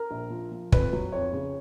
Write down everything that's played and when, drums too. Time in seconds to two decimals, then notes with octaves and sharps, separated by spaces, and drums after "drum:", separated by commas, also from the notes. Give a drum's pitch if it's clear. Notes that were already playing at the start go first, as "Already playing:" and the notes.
Already playing: A#4
0.11 A#1
0.30 F3
0.52 F3
0.72 F2 B4, drum: kick
0.93 F#3
1.12 F2 C#5
1.33 C#3